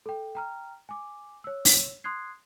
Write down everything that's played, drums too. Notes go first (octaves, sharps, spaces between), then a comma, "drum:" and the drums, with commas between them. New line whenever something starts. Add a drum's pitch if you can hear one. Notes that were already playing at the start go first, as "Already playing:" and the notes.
A4 G5
G5 A#5 F6
G#5 D6
C#5 E6
drum: open hi-hat
C6 D#6 F#6 G#6 C7